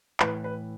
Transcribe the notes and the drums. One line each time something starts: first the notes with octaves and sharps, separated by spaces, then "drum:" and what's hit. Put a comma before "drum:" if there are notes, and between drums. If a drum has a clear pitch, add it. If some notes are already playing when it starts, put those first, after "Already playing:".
A2 E3 B4, drum: clap
B4